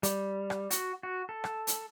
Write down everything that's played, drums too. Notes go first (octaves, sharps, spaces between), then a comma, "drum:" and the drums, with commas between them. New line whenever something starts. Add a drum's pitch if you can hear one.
G3, drum: hi-hat
drum: rim click
F#4, drum: hi-hat
F#4
A4
drum: rim click
drum: hi-hat